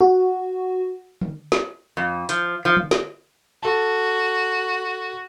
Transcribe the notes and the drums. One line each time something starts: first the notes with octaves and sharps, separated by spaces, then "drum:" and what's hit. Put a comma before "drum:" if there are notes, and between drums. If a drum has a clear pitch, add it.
F#4
drum: tom D3
drum: snare
F2
F3, drum: hi-hat
F3
drum: tom D3
drum: snare
F#4 A4 A5